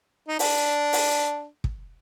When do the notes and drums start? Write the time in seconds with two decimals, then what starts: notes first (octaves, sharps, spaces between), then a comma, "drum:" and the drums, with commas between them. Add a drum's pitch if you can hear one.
0.28 D#4
0.39 D4, drum: open hi-hat
0.93 drum: open hi-hat
1.64 drum: kick